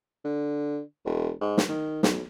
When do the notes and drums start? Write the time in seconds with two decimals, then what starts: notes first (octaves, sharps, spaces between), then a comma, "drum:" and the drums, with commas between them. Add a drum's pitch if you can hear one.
0.25 D3
1.05 E1
1.41 G#2
1.58 drum: snare
1.69 D#3
2.03 B1, drum: snare